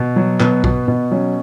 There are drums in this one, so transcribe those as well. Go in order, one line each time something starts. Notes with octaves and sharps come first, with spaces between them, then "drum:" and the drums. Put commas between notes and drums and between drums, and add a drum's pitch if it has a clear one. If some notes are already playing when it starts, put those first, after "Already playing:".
Already playing: B2
F#3
B2 B3, drum: clap
B2, drum: kick A#1
B2
F#3 C#4